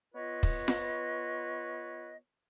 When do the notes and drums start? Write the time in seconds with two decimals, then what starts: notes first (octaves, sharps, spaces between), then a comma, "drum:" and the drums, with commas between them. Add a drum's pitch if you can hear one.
0.15 B3 F4 B4 C#5 D#5
0.43 drum: kick
0.68 drum: snare F4